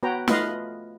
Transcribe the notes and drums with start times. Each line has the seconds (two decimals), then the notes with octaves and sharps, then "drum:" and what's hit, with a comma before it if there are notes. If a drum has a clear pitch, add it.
0.03 B3 F#4 B4 C#5 G5 A#5
0.28 A3 F4 B4 D#5 F5, drum: snare